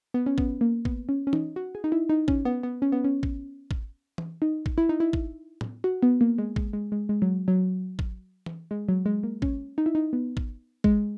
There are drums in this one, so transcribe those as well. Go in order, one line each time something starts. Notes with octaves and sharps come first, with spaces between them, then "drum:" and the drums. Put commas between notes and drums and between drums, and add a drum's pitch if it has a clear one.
B3
C#4
B3, drum: kick
A#3
B3, drum: kick
C#4
C#4
D#4, drum: tom E3
F#4
G#4
D#4
E4
D#4
C#4, drum: kick
B3
B3
C#4
B3
C#4
drum: kick
drum: kick
drum: tom E3
D#4
drum: kick
E4
D#4
E4
drum: kick
drum: tom A2
F#4
B3
A#3
G#3
G#3, drum: kick
G#3
G#3
G#3
F#3
F#3
drum: kick
drum: tom E3
G#3
F#3
G#3
A#3
C#4, drum: kick
D#4
E4
D#4
B3
drum: kick
G#3, drum: kick